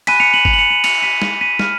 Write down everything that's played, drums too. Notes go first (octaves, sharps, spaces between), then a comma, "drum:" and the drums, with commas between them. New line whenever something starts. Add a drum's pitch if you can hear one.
G#5 B5 F#6 B6 D#7, drum: cymbal
C#7 F7
D#7 F#7
C#7 F7, drum: kick
F#7
C#7 F7
D#7 F#7
C#7 F7, drum: cymbal
B6 D#7
drum: snare
B6 D#7
B5 F6, drum: snare